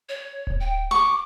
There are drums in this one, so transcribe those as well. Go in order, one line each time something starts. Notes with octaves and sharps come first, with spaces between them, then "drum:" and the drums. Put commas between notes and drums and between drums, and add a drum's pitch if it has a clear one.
C#5
drum: kick D1
G5
C#6 D6